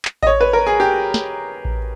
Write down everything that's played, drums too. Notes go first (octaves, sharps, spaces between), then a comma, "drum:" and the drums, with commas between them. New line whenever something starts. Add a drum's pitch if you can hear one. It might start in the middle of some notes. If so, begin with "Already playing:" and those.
drum: clap
D#5, drum: kick A1
C#5
B4
A#4
G#4
G4
drum: snare
drum: kick A1